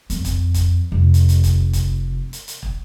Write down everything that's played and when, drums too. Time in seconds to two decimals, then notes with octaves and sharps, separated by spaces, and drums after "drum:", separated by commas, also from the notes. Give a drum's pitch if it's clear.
0.10 F2, drum: hi-hat
0.25 drum: kick, hi-hat
0.54 drum: kick, hi-hat
0.92 F1
1.14 drum: hi-hat
1.29 drum: hi-hat
1.44 drum: kick, hi-hat
1.73 drum: kick, hi-hat
2.33 drum: hi-hat
2.48 drum: hi-hat
2.63 drum: kick